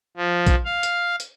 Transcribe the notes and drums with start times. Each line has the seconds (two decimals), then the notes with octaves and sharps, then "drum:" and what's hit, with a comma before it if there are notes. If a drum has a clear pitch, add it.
0.17 F3
0.47 drum: kick, hi-hat
0.65 F5
0.83 drum: hi-hat
1.20 drum: hi-hat